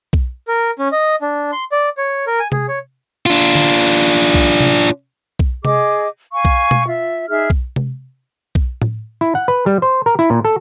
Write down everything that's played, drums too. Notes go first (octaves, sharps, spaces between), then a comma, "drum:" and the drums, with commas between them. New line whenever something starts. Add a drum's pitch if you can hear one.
drum: kick B1
A#4
C#4
D#5
D4
C6
D5
C#5
A#4
G#5
G#4, drum: tom C3
C#5
D4 F4
drum: tom D3
drum: kick B1
drum: tom C3
drum: kick B1
G#4 D#5 D6, drum: tom C3
F5 G#5 C#6
drum: kick B1
drum: tom B2
F4 E5
D#4 G#4 E5 F6
drum: kick B1
drum: tom C3
drum: kick B1
drum: tom A2
E4
F#5
B4
G3
C5
A#4
E4
A#2
A4